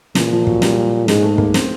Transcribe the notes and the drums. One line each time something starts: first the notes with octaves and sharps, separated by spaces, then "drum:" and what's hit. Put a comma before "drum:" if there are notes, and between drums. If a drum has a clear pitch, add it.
A#2 E3, drum: snare
F3
F#3, drum: kick
G3, drum: snare
G#2 G#3, drum: snare
A3
A#3, drum: kick
C4, drum: snare